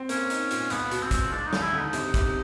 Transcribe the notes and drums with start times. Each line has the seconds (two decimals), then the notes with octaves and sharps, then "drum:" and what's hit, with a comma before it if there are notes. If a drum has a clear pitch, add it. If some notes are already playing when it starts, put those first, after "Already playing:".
Already playing: C4
0.09 A#3 C#4, drum: hi-hat
0.30 D#4, drum: hi-hat
0.51 A#2, drum: hi-hat
0.70 C#2 B3, drum: hi-hat
0.91 B2, drum: hi-hat
1.02 C4
1.11 C#2, drum: kick, hi-hat
1.32 G#3 D4
1.47 D#4
1.53 D#2, drum: snare
1.62 E4
1.73 D3
1.79 D#4
1.93 C3, drum: hi-hat
2.14 C3, drum: kick, hi-hat